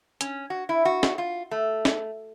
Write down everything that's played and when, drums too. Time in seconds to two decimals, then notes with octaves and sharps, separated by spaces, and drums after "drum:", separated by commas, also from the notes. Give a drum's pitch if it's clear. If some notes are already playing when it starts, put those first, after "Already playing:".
0.21 C#4, drum: hi-hat
0.50 F#4
0.69 E4
0.85 F#4
1.03 drum: snare
1.18 F4
1.51 A3
1.85 drum: snare